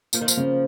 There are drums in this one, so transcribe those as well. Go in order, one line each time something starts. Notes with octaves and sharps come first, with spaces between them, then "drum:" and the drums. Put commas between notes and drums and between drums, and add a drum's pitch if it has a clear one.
F3 A#3, drum: tambourine
D#3
F3, drum: tambourine
C#3